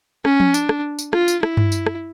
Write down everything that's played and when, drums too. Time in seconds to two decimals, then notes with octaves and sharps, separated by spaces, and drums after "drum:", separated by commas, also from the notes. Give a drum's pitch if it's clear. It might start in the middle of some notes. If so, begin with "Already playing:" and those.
0.25 C#4, drum: rim click
0.40 drum: tom F3
0.54 D4, drum: tambourine
0.69 drum: rim click
0.99 drum: tambourine
1.13 F4, drum: rim click
1.28 drum: tambourine
1.43 E4, drum: rim click
1.57 drum: tom G2
1.72 drum: tambourine
1.86 drum: rim click